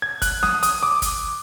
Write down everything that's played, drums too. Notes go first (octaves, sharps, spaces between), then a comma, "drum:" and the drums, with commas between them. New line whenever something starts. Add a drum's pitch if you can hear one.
G#6
F#6, drum: kick, hi-hat
D#6, drum: snare
D#6, drum: hi-hat
D6
drum: kick, hi-hat